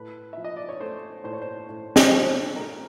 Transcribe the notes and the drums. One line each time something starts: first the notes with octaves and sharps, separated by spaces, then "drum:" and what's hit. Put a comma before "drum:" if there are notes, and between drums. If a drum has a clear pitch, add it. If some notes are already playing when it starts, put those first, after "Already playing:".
Already playing: A2 B4
F3 E5
D#5
D5
C#5
A3 C5
A2 C5
C#5
C5
A2
drum: snare
F3 A4
A3 A#4